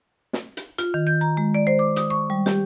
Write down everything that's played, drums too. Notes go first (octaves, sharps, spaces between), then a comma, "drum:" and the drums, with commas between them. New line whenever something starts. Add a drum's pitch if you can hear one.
drum: snare
drum: hi-hat
F4, drum: hi-hat
D#3
G6
A#5
G#3
D5
C5
D6
D#6, drum: hi-hat
C#6
G3
G4, drum: snare